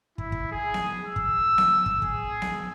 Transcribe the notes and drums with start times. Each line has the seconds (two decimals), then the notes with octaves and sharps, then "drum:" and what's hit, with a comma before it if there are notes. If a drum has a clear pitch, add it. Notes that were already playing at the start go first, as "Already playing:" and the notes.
0.18 E4, drum: kick
0.32 drum: kick
0.51 G#4
0.74 drum: snare B3
1.07 E6
1.16 drum: kick
1.58 drum: snare B3
1.86 drum: kick
2.02 G#4, drum: kick
2.42 drum: snare B3